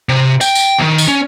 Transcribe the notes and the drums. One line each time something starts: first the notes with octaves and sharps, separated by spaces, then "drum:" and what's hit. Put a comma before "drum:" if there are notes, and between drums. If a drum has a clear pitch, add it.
C3
G5, drum: tambourine
drum: tambourine
D#2 D#3
drum: tambourine
C#4